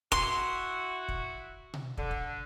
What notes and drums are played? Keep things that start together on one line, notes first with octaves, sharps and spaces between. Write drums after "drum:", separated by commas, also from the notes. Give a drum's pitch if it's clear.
E4 F#4 C6, drum: kick
drum: kick
drum: tom B2
D3, drum: kick
drum: kick